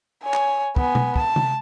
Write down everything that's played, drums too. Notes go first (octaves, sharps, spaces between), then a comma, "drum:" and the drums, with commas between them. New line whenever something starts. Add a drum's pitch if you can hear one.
C#5 G#5
drum: clap
B3 G#5, drum: kick
drum: tom B2
A5, drum: kick
drum: tom C3